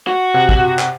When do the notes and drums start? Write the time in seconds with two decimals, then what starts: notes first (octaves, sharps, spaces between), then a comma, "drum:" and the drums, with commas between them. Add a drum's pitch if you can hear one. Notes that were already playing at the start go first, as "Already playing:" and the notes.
0.07 F#4
0.34 C3 F#5
0.49 drum: kick
0.79 drum: clap